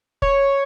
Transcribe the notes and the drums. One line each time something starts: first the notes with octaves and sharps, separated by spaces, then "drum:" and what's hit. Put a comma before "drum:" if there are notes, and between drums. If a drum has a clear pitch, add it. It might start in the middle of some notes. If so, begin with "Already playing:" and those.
C#5, drum: kick